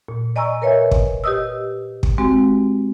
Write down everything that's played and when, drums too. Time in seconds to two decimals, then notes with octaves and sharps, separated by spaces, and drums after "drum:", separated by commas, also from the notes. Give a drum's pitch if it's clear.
0.09 A#2
0.36 D5 D#5 G#5 A#5 C#6 E6
0.62 A#4 B4 C#5 D#5 E5 G#5
0.91 drum: kick
1.24 G4 B4 D#5 D#6 E6
2.03 drum: kick
2.18 G#3 C4 F#4 G4